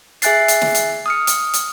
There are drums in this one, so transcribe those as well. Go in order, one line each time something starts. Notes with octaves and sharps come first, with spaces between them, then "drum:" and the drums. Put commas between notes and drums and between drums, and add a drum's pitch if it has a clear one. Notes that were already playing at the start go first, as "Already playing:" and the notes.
G#4 E5 G#5 F#6 A6 C7, drum: hi-hat
drum: hi-hat
drum: snare
drum: hi-hat
D#6 F6 C#7
drum: hi-hat
drum: hi-hat